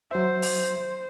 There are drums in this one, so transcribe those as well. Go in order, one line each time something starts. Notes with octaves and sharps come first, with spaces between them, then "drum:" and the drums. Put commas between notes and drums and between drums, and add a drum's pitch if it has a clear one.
F#3 C5 E5
drum: open hi-hat